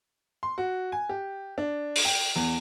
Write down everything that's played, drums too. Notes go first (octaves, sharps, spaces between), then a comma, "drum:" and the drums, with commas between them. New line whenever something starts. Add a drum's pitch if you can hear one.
C6
F#4
G#5
G4
D4
drum: open hi-hat
G5
E2